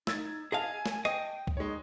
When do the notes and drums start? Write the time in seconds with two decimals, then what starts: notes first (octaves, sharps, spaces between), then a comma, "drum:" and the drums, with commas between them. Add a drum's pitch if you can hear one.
0.07 D#4 E6 G#6 A6, drum: snare
0.52 G#4 D#5 F5 G#5 A5
0.86 drum: snare
1.05 D#5 G5, drum: rim click
1.47 drum: kick C2
1.57 G#3 D#4 C#5